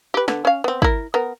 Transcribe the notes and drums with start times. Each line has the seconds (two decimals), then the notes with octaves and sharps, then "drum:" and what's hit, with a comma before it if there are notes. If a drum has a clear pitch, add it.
0.14 G4 B4
0.28 D3 B3, drum: snare
0.45 C#4 F5
0.64 B3 C4
0.82 E4 A#4, drum: kick
1.14 B3 A#4